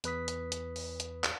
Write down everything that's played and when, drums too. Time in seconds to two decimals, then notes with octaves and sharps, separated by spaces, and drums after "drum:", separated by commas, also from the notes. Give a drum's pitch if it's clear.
0.04 E2 B4 D#6 B6, drum: hi-hat
0.28 drum: hi-hat
0.52 drum: hi-hat
0.76 drum: open hi-hat
1.00 drum: hi-hat
1.24 drum: clap